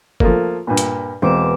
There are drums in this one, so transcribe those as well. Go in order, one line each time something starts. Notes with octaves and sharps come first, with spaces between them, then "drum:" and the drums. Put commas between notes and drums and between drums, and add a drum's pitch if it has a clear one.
F3 A3 A#3, drum: kick G1
G2 A#2
drum: hi-hat
E1 C4 D6 E7